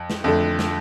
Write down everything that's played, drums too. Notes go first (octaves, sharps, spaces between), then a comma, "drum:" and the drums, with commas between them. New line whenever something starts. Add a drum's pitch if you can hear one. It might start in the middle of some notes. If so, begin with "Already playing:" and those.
Already playing: F2
drum: snare
F2 D3 A3
drum: snare